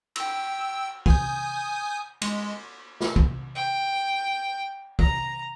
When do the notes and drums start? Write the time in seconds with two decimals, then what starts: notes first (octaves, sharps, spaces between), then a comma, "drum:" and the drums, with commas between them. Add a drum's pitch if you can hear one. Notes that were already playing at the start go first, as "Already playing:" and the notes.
0.16 G5 E6, drum: cymbal
1.06 G#5 D#6 G6, drum: kick
2.22 G#3, drum: cymbal
3.01 drum: snare
3.16 drum: kick
3.55 G5
4.99 A#5, drum: kick